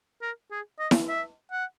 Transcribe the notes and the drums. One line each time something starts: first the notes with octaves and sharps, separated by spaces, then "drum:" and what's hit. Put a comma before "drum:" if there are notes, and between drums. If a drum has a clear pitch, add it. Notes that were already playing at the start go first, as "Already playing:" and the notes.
A#4
G#4
D#5
drum: snare E4
E5
F#5